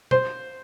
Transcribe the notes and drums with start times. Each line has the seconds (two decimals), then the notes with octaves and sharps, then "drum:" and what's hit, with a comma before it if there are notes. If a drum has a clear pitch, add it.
0.11 C5, drum: tom B2